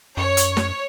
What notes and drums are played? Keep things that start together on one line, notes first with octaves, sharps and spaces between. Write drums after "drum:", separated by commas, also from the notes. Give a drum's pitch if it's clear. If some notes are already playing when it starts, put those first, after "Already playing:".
F#2 C#5
drum: hi-hat
drum: snare